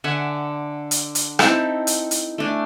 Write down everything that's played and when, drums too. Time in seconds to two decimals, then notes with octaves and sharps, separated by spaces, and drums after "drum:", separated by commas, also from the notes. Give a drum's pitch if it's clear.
0.04 D3 E5 F#5 G#5
0.91 drum: hi-hat
1.15 drum: hi-hat
1.39 C4 D#4 E4 A4, drum: rim click
1.87 drum: hi-hat
2.11 drum: hi-hat
2.38 A3 D4 G#5